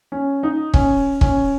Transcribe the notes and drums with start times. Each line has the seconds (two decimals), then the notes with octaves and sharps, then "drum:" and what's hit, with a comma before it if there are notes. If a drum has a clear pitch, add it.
0.12 C#4
0.43 D#4
0.74 C#4, drum: kick
1.21 C#4, drum: kick